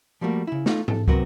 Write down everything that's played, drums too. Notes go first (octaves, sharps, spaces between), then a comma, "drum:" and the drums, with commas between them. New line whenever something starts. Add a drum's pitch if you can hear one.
F3 G3 A3 A#3 F#4
C#3 E4
A3 D#4 F4, drum: snare B3
A4, drum: tom G#2
C3 F#3 C4 F#4 A#4 B4, drum: kick